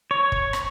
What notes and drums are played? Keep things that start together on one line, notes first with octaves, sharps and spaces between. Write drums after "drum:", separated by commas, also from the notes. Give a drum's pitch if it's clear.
C#5
drum: kick
drum: rim click